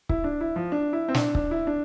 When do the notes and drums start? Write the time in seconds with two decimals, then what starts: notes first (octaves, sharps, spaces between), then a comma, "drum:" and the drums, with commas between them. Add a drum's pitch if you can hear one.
0.09 E4, drum: kick C#1
0.24 D4
0.41 E4
0.56 F3
0.72 D4
0.93 E4
1.08 C4
1.14 D4, drum: snare
1.35 D4, drum: kick C#1
1.51 E4
1.67 D4